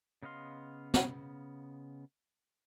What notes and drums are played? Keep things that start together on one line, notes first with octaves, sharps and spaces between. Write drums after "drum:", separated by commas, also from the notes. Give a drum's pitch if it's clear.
C#3 B3 D#5 F5 C6
drum: snare